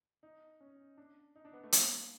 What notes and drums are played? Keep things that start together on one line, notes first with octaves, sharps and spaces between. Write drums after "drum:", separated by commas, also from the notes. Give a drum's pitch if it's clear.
D#4
C#4
D4
D#4
D4
B3
A3
A#3, drum: hi-hat